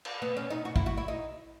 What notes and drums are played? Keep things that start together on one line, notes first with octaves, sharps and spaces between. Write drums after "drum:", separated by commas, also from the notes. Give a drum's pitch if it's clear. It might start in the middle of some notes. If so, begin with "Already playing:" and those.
drum: cymbal
B3
C#4
D#4
F#4
E4, drum: kick
F#4
E4
D#4